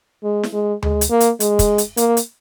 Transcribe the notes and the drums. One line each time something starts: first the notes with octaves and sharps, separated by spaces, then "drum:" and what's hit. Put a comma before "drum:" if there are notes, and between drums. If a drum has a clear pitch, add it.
G#3
drum: snare
G#3
G#3, drum: tom D2
drum: hi-hat
A#3
drum: hi-hat
G#3, drum: hi-hat
drum: kick, hi-hat
drum: hi-hat
A#3, drum: hi-hat
drum: hi-hat